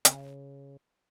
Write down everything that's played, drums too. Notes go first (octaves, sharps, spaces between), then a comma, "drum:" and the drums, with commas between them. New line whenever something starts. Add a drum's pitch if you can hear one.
C#3, drum: hi-hat